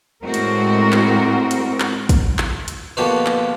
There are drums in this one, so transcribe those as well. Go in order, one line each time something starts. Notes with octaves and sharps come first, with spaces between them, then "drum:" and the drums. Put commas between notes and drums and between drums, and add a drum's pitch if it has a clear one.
A2 G#3 C4 F#4 A#4
drum: hi-hat
drum: clap
drum: hi-hat
drum: clap
drum: kick, hi-hat
drum: clap
drum: hi-hat
B2 D3 F3 A#3 B3 G4
drum: clap